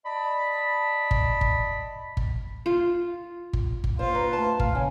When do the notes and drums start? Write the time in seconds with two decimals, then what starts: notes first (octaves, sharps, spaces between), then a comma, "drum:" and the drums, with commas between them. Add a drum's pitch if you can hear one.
0.05 D5 D#5 A5 B5
1.11 drum: kick G1
1.41 drum: kick G1
2.17 drum: kick G1
2.66 F4
3.53 drum: kick G1
3.84 drum: kick G1
3.99 F4 C5
4.15 B4 A#5
4.33 A3 A5
4.60 F5, drum: kick G1
4.75 C#3 G#5